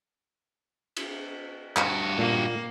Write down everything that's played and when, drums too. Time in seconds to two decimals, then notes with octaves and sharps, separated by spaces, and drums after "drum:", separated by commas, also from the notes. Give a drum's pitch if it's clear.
0.96 drum: cymbal
1.77 G2 F#4, drum: clap
2.18 A#2 A#3